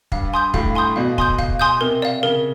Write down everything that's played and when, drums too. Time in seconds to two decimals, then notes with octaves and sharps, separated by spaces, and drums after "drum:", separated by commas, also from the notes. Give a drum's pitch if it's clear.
0.12 G2 F5, drum: kick
0.34 G#5 C6 D#6 G6
0.54 A2 F5, drum: kick
0.75 G#5 C6 D#6 G6
0.96 B2 F5
1.18 G#5 C6 D#6 G6, drum: kick
1.38 F5, drum: kick
1.59 G#5 C6 D#6 G6
1.81 C3 A#4
2.02 D5 F5
2.23 C#3 A#4